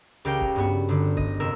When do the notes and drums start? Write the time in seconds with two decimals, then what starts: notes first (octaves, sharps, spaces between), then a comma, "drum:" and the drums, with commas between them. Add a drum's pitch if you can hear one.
0.25 C#2 G4 A#4 F5 G5
0.40 drum: kick
0.56 G2 B3 F#4
0.89 G1 D3
1.17 D#5, drum: kick
1.40 F1 A#4 E6